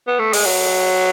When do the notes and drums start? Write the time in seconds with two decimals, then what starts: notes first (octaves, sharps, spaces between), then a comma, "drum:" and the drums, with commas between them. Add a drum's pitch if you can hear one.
0.07 B3
0.19 A3
0.33 G#3, drum: open hi-hat
0.45 F#3